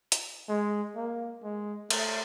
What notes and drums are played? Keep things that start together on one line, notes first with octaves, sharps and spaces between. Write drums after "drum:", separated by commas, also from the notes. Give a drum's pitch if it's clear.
drum: hi-hat
G#3
A#3
G#3
A3, drum: cymbal